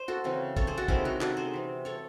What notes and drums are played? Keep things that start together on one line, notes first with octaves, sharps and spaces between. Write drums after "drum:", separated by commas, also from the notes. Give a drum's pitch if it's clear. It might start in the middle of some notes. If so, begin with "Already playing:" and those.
Already playing: C5
F#4 A4
C#3 E3 C4
A4 C#5, drum: kick
G#4 C5
F#4 A4
C3 D#3 G#3 C#4 E4 G#4, drum: kick
D#4 F#4
F#4 A4, drum: clap
G#4 C5
E3 C4
A4 C#5